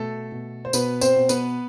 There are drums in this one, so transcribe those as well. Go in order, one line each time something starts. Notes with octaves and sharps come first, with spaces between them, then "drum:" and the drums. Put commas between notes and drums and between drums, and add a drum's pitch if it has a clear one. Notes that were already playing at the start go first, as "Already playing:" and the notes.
Already playing: B2 A3 A4
B2
C5
B2 B3 B4, drum: tambourine
C4 C5, drum: tambourine
B2
B3 B4, drum: tambourine